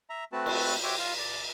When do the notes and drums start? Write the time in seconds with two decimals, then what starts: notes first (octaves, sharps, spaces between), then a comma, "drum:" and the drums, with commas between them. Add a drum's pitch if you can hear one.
0.10 E5 A#5
0.33 A3 C4 F#4 B4 A5
0.46 drum: cymbal
0.83 F#4 G4 C5 C#5 E5 G5
0.99 F4 F5
1.19 D5